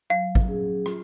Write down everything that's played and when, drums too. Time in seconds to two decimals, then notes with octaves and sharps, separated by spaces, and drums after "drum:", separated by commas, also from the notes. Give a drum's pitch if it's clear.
0.10 F#3 F5
0.35 drum: kick G#1
0.48 C#4 G#4
0.86 F4, drum: rim click